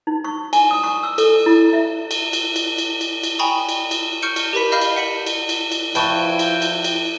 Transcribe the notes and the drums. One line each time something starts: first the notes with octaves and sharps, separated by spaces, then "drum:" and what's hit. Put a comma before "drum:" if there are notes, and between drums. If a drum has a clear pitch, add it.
D#4
C#6
G#5, drum: cymbal
D#6
C#6
E6
A4, drum: cymbal
E4
E5
drum: cymbal
drum: cymbal
drum: cymbal
drum: cymbal
drum: cymbal
drum: cymbal
G5 G#5 A#5 B5 C#6 D#6
drum: cymbal
drum: cymbal
C#6 F6 G6 C#7 D7
drum: cymbal
G4 A#4 B4 B5 B6
D#5 F5 B5 F6 G6 C7
drum: cymbal
F#5 B6 C#7 F#7
drum: cymbal
drum: cymbal
drum: cymbal
F3 E4 B4 G5 A5 C#6, drum: cymbal
drum: cymbal
drum: cymbal
drum: cymbal